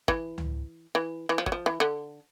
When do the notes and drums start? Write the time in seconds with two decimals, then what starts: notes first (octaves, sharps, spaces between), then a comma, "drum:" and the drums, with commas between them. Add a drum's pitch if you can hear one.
0.08 E3, drum: kick
0.38 drum: tom C#2
0.95 E3
1.29 E3
1.38 F3
1.46 F#3, drum: kick
1.52 F3
1.66 E3
1.80 D3